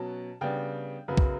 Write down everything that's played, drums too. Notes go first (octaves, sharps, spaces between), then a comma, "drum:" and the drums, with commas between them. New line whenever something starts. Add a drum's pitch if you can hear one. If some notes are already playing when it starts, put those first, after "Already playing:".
Already playing: B2 F#3 C#4 A5
C#3 G3 B3 D4 G5
F#2 C#3 F#3 B3 B4
drum: kick